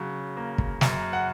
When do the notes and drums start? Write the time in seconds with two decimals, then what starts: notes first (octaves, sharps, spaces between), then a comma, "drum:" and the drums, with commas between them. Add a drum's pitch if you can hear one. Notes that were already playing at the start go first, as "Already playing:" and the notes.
Already playing: C#3 F#3
0.37 A#3
0.58 drum: kick
0.81 F#2, drum: snare
1.13 F#5